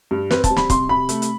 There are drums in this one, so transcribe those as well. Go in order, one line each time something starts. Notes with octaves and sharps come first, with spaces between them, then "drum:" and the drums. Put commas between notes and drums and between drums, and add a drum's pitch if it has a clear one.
G2
C4 B4, drum: snare
A5, drum: kick, hi-hat
G3
B5, drum: snare
C3 C6, drum: kick, hi-hat
C3 B5
A3, drum: hi-hat
drum: hi-hat